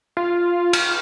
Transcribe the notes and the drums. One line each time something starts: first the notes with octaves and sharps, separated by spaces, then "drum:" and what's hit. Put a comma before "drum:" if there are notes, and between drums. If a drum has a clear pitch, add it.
F4
F6, drum: cymbal